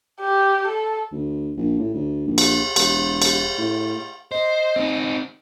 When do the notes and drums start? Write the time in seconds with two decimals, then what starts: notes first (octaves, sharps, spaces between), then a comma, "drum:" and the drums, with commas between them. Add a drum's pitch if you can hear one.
0.20 G4
0.68 A4
1.12 D2
1.57 A#1
1.79 A2
1.94 D2
2.27 A#1
2.38 drum: cymbal
2.76 E1, drum: cymbal
3.22 drum: cymbal
3.58 A2
4.32 C5 D#5
4.76 C4 D#4